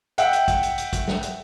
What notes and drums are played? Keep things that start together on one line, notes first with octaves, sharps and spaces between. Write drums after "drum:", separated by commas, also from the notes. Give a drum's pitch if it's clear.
E5 F#5 G5, drum: hi-hat
drum: hi-hat
drum: kick, hi-hat
drum: hi-hat
drum: hi-hat
drum: kick, hi-hat
drum: snare
drum: hi-hat